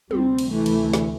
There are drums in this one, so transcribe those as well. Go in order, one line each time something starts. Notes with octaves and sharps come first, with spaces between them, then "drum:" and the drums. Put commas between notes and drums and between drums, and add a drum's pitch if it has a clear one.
D2 C3 G3 C4, drum: tom
drum: cymbal
E3 A3
drum: cymbal
drum: snare